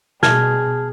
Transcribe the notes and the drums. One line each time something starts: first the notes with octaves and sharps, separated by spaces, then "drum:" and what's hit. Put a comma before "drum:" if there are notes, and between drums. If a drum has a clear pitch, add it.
B2 G#4 A5 F6 G#6, drum: snare